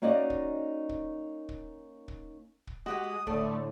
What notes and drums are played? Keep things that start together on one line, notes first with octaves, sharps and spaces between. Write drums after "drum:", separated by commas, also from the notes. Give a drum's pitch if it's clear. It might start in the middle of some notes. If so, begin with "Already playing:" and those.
A#3 C#4 D#4 F#4 D5 D#5
drum: kick
drum: kick
drum: kick
drum: kick
drum: kick
G#3 F#4 G4 F#5 D#6
A2 D3 A3 A4 D5 A5, drum: kick